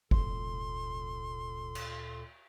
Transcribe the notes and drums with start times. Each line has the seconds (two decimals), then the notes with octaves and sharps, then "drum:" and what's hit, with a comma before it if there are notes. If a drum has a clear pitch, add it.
0.11 F1 D2 A#2 A4 C6, drum: kick
1.75 drum: cymbal